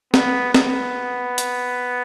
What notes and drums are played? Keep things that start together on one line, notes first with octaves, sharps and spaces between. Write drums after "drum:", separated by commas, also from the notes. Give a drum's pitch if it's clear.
B3, drum: snare
B3, drum: snare
drum: hi-hat